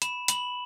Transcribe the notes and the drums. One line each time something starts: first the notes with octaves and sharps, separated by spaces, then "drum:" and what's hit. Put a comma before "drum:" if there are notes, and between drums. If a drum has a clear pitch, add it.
B5 E7, drum: hi-hat
B5 F#7, drum: hi-hat